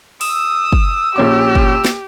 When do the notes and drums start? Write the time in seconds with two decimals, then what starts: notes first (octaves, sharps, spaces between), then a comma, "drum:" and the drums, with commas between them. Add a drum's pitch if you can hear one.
0.21 D#6 E6, drum: open hi-hat
0.73 drum: kick
1.16 A#1 C#4 G4 D6
1.55 drum: kick
1.85 drum: snare